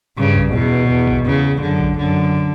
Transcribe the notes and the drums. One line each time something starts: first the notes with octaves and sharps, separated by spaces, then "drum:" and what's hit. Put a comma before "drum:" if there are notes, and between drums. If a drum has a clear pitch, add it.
G2 C#3
drum: kick A#1
E2 B2
E2
drum: kick A#1
E2 C#3
F#2 D3
drum: kick A#1
F#2 D3